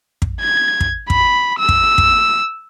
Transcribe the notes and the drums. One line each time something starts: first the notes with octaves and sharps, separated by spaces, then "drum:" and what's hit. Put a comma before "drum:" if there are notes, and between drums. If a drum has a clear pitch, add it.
drum: kick
G#6
drum: kick
B5, drum: kick
E6
drum: kick
drum: kick